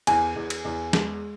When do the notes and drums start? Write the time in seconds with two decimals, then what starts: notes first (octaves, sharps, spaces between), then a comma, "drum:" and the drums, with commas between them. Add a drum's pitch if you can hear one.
0.07 E2 G#5, drum: cymbal
0.36 E2
0.50 drum: cymbal
0.65 E2
0.93 G#3, drum: snare